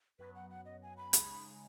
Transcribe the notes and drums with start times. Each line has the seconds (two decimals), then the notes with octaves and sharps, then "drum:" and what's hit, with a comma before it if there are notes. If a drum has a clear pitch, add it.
0.19 F#2 F#3 B3 B4
0.35 F#5
0.50 F#5
0.65 D#5
0.82 G#5
0.97 B5
1.13 C#3 G#3 D#4 G#4, drum: hi-hat